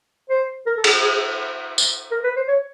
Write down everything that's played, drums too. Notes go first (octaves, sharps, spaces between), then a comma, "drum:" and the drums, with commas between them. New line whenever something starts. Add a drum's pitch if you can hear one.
C5
A#4
A4
G#4, drum: cymbal
G#4
G#4
drum: tambourine
A#4
B4
C5
C#5